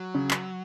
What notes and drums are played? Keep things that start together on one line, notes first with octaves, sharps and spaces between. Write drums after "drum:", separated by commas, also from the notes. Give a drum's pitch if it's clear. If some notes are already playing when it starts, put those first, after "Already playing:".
Already playing: F#3
C#3
drum: clap